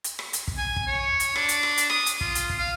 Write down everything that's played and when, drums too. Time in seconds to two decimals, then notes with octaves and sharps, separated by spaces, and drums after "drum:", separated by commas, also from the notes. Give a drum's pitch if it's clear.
0.04 drum: hi-hat
0.19 drum: rim click
0.33 drum: hi-hat
0.48 drum: kick
0.58 G#5
0.76 drum: kick
0.88 C#5
1.20 drum: hi-hat
1.36 D4, drum: rim click
1.49 drum: hi-hat
1.63 drum: rim click
1.77 drum: hi-hat
1.90 D#6, drum: rim click
2.06 drum: hi-hat
2.21 F4, drum: kick
2.35 drum: hi-hat
2.50 drum: kick
2.59 F5